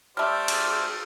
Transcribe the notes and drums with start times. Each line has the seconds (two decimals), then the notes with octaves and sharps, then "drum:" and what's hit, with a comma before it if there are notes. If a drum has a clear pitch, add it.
0.17 G3 A3 G4 C5 D5 E6 F6
0.48 drum: cymbal